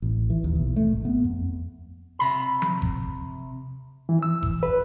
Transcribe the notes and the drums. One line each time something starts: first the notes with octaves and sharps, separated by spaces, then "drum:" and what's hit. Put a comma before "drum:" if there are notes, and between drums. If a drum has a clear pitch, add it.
A1
E3
D#2
B1
A3
G#1
B3
F2
C3 B5
drum: tom F3
drum: kick G1
E3
E6
drum: kick G1
B4